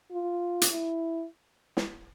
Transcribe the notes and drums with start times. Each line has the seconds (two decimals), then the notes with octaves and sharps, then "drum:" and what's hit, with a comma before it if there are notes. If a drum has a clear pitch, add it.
0.11 F4
0.61 drum: hi-hat
0.71 E4
1.77 drum: snare